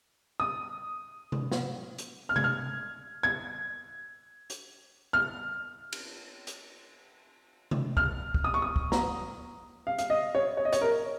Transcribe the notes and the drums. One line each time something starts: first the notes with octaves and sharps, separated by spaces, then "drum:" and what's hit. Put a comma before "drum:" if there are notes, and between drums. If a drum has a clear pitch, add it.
D#6
drum: tom C3
drum: snare
drum: hi-hat
F6
G#6, drum: tom C3
F6
G#6
drum: hi-hat
F6
drum: cymbal
drum: hi-hat
drum: tom C3
F6, drum: kick
drum: kick
D#6
C#6
D#6
drum: kick
A#5, drum: snare
F5
F5, drum: hi-hat
D#5
C#5
C#5
D#5
C#5, drum: hi-hat
A#4